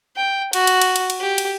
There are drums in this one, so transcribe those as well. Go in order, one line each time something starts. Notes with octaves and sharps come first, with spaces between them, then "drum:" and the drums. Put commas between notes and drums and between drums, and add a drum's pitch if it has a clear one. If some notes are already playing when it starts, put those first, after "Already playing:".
G5
F#4, drum: cymbal
drum: cymbal
drum: cymbal
drum: cymbal
drum: cymbal
G4
drum: cymbal